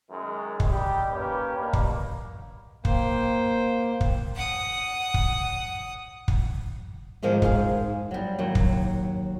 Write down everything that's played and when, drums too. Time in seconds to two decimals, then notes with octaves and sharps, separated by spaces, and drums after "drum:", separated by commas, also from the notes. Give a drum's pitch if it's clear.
0.11 F#2 D#3 G#3
0.60 drum: kick
0.70 G3 D#4 G4
1.11 A#3 C#4 G4 B4
1.57 G2 B2 A#3
1.73 drum: kick
2.85 A#3 C5 G5, drum: kick
4.01 drum: kick
4.35 F#5 D#6
5.14 drum: kick
6.28 drum: kick
7.23 G#2 D#3 F3 G#3
7.42 G#2 G#4 C5 F5, drum: kick
8.11 F#3 G3
8.39 D#2 F#3
8.55 drum: kick